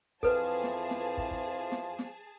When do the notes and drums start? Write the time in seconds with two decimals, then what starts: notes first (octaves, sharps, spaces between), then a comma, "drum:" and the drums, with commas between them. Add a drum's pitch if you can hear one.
0.23 F2 E3 F3 G#4 A4 B4 A5, drum: kick
0.63 drum: snare
0.90 drum: snare
1.18 drum: kick
1.31 drum: kick
1.72 drum: snare
1.99 drum: snare